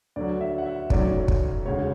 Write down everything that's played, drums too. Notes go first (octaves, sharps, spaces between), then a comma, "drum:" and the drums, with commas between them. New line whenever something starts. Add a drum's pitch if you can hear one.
D2 D3 F#3 D5
E5
F#5
E5
B1 A2 F#3 A3 C#4 D5, drum: kick
drum: kick
E1 D2 C#3 C#5